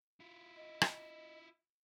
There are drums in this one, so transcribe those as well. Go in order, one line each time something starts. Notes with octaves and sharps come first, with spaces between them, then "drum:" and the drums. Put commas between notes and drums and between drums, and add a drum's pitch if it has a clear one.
E4 F4
D#5
drum: rim click